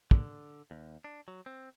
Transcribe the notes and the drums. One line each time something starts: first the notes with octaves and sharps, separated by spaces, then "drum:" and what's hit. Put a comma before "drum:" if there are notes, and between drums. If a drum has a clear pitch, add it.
D3, drum: kick
D#2
D4
F#3
C4